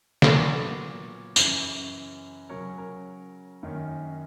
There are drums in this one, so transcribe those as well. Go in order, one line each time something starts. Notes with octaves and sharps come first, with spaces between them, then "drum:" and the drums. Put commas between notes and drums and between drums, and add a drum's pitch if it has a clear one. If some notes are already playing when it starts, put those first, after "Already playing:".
A#2 F#3 B3 A#4 C#5, drum: snare
F#2 C#3 E3, drum: tambourine
C#3 F#3 C#4 A#4 C#5
A#4 C#5
F#2 D#3 A#3 C#4